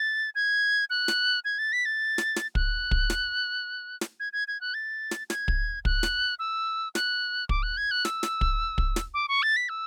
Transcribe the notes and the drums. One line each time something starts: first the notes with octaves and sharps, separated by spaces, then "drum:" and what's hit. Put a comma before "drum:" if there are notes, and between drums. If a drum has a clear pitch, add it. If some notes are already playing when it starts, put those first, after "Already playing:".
Already playing: A6
G#6
F#6
drum: snare
G#6
A6
B6
A6
drum: snare
drum: snare
F#6, drum: kick
drum: kick
drum: snare
drum: snare
G#6
G#6
G#6
F#6
A6
drum: snare
G#6, drum: snare
drum: kick
F#6, drum: kick
drum: snare
E6
F#6, drum: snare
D6, drum: kick
F#6
G#6
F#6
E6, drum: snare
drum: snare
drum: kick
drum: kick
drum: snare
D6
C#6
A6
B6
E6